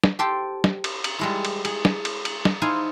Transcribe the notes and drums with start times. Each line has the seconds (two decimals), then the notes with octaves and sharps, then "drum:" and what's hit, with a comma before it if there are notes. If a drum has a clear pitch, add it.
0.04 drum: snare
0.19 G4 A4 C5 G5 A5
0.64 drum: snare
0.84 drum: cymbal
1.04 drum: cymbal
1.19 G3 G#3 E4
1.45 drum: cymbal
1.65 G#4, drum: cymbal
1.85 drum: snare
2.05 drum: cymbal
2.25 drum: cymbal
2.45 drum: snare
2.62 D#4 E4 C5 F5 G#5